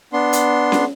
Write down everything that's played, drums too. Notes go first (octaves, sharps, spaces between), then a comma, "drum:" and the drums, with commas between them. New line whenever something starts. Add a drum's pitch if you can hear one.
B3 D4 C6
drum: hi-hat
drum: snare